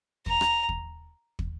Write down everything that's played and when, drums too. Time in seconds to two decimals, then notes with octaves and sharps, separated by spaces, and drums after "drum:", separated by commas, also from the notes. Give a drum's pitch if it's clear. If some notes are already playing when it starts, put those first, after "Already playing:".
0.26 A#5, drum: kick
0.41 drum: rim click
0.69 drum: kick
1.39 drum: kick